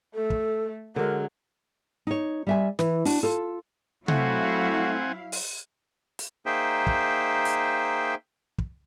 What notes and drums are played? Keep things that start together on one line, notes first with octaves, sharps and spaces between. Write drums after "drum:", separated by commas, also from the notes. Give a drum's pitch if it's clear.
A3 A4
drum: kick
D3 F#3 G#3 A#4
D#4 C#5
G3 E5 G#5
E3, drum: snare
D4 F#4, drum: open hi-hat
F4 A4
F#3 A3 C4 E4 F#4 F5 F#5 G#5, drum: tom C3
drum: open hi-hat
drum: hi-hat
A#3 D#4 G#4 C5 E5 G5
drum: kick
drum: hi-hat
drum: kick